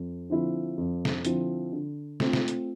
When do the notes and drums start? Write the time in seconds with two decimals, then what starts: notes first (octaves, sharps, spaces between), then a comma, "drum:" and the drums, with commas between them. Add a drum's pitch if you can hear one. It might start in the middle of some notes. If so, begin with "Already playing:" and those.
Already playing: F2
0.30 D3 F3 C4 E4
0.78 F2
1.05 drum: snare
1.25 D3 F3 C4 E4, drum: hi-hat
1.73 D3
2.20 A3 C4 F4, drum: snare
2.33 drum: snare
2.48 drum: hi-hat